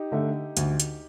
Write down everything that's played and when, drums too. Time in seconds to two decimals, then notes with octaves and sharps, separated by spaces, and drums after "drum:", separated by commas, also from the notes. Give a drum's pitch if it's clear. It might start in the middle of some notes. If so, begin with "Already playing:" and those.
Already playing: D#4 G4
0.12 D3 A3
0.57 D2, drum: hi-hat
0.80 drum: hi-hat